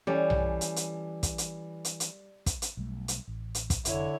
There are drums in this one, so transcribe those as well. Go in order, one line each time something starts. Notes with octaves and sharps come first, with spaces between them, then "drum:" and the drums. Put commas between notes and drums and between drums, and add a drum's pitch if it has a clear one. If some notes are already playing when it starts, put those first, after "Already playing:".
E3 G3 C#4 A4
drum: tom B1
drum: hi-hat
drum: hi-hat
drum: kick, hi-hat
drum: hi-hat
drum: hi-hat
drum: hi-hat
drum: kick, hi-hat
drum: hi-hat
B1 G3 A3
drum: hi-hat
A1
drum: hi-hat
drum: kick, hi-hat
F1 D3 E4 C#5, drum: hi-hat